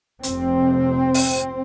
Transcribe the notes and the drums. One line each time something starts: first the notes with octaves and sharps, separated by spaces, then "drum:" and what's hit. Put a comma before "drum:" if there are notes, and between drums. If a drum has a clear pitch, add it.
F1 F2 C3 C4, drum: hi-hat
drum: open hi-hat